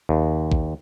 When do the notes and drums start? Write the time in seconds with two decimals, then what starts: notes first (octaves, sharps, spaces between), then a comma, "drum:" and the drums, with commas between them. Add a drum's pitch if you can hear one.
0.09 D#2
0.52 drum: kick A1